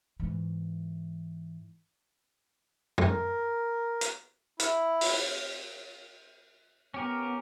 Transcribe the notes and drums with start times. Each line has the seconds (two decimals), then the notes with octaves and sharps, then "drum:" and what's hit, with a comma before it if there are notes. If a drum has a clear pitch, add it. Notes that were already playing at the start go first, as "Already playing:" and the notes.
0.20 G#2 E3
2.98 drum: tom
3.07 A#4
4.01 drum: hi-hat
4.60 E4, drum: hi-hat
5.01 drum: open hi-hat
6.94 B3 C#4 G4 A#4